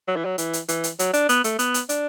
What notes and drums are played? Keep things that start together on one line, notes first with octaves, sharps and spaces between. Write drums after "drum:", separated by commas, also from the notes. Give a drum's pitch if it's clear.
F#3
E3
F#3
E3, drum: hi-hat
drum: hi-hat
E3, drum: hi-hat
drum: hi-hat
F#3, drum: hi-hat
D4, drum: hi-hat
B3, drum: hi-hat
A3, drum: hi-hat
B3, drum: hi-hat
drum: hi-hat
D4, drum: hi-hat